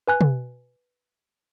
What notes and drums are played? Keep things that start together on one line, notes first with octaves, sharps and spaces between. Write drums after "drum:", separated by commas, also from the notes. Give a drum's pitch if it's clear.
B4 G#5 F#6
drum: tom